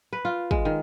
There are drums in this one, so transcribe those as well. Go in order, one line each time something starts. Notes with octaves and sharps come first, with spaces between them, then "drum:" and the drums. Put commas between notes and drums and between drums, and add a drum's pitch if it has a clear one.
B4
F4
G#3, drum: kick
D#3